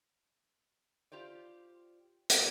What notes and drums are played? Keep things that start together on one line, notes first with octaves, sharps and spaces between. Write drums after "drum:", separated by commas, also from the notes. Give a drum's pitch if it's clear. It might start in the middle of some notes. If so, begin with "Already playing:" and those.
F4 G4 C5 D5
drum: hi-hat